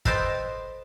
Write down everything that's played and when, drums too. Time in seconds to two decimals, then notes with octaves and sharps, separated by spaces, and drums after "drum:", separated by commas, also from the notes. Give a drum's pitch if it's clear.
0.05 A4 B4 C5 D#5 G5 A5, drum: kick G1